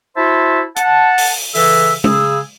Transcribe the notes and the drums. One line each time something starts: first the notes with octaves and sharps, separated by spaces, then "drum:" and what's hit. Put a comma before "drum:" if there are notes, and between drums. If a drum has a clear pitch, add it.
E4 F#4 C5 E5 A5 C6
F#5 A5, drum: hi-hat
drum: open hi-hat
C#3 E3 A4 E5 E6, drum: open hi-hat
C#3 G#4 E6, drum: tom G#3